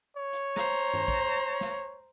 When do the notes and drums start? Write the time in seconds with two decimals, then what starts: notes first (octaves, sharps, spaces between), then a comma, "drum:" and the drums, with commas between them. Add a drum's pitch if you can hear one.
0.17 C#5
0.33 drum: hi-hat
0.56 C5 A#5, drum: snare
0.94 drum: tom
1.08 drum: kick A#1
1.61 drum: snare